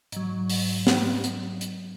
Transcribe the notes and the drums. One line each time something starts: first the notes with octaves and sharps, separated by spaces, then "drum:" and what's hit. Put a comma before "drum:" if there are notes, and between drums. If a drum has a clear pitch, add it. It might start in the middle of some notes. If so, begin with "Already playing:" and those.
G#2 F#3, drum: hi-hat
drum: open hi-hat
drum: snare
drum: hi-hat
drum: hi-hat